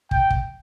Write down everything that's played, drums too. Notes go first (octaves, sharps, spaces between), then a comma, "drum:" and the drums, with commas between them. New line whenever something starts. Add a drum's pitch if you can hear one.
G5, drum: kick
drum: kick